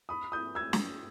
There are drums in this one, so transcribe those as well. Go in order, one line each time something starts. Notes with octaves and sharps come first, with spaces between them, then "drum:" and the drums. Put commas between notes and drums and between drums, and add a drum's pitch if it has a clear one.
B5 D#6
D#6 G6
E6 G#6
drum: snare